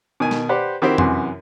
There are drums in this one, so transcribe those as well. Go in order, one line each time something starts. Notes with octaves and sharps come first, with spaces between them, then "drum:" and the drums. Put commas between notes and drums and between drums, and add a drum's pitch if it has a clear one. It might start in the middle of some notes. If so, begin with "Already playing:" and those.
B2 D#3 G#5
drum: snare
G4 B4 C5 D5 F#5
D#3 C4 E4 F#4 G4 C5
F#2 C3 E3 F#4 C6, drum: tom F2